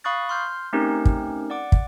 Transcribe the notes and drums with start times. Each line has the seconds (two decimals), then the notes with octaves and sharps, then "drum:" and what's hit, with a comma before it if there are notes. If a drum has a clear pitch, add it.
0.04 F5 B5 C#6 D#6 F#6 A6
0.29 C6 F6 G6
0.73 A3 C4 C#4 D#4 G4 A#4
1.05 drum: kick
1.50 D5 F#5 D6
1.72 drum: kick